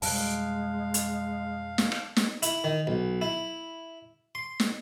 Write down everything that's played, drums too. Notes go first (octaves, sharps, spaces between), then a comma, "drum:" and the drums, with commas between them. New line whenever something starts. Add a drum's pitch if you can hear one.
F2 B2 G3 G#3 F5 A5 F#6, drum: open hi-hat
drum: hi-hat
drum: snare
drum: rim click
drum: snare
E4, drum: hi-hat
D#3
B1
E4
C6
drum: snare